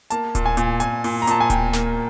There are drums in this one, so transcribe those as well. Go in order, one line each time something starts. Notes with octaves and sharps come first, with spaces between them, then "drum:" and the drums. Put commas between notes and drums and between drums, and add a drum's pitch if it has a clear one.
A#3 A5, drum: hi-hat
A#2, drum: kick D1, hi-hat
G#5
A#2, drum: hi-hat
A#2 G#5, drum: hi-hat
A#2, drum: open hi-hat
A#5
A#2 A5, drum: hi-hat
G#5
A#2 G5, drum: kick D1, hi-hat
A#3, drum: snare